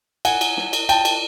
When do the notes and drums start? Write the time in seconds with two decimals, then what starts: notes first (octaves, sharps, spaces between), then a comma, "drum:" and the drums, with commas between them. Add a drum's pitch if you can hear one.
0.25 F#5 G#5, drum: cymbal
0.41 drum: cymbal
0.57 drum: snare
0.73 drum: cymbal
0.89 G5 A5, drum: cymbal
1.05 drum: cymbal